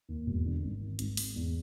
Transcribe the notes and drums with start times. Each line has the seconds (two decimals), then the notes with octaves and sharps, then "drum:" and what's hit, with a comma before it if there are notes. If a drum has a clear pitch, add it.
0.09 D#2
0.26 E1
0.45 D3
0.63 G#1
0.81 D#3
0.99 G#1, drum: hi-hat
1.17 G#2, drum: open hi-hat
1.36 E2